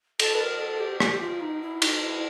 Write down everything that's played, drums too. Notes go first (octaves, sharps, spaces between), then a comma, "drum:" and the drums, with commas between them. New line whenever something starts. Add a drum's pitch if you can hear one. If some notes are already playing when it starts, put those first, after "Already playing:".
A4, drum: cymbal
B4
A#4
A4
G4
G4, drum: rim click
F4
D#4
E4
D#4, drum: cymbal
E4